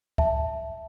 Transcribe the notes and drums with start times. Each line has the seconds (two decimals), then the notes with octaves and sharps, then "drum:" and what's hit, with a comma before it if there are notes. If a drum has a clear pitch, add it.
0.18 E5 A5, drum: kick C#2